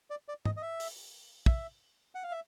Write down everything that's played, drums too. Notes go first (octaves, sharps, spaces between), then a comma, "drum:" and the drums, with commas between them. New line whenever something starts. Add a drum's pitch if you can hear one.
D5
D5
D#5, drum: tom
D#5
E5
drum: open hi-hat
E5, drum: kick
F#5
F5
E5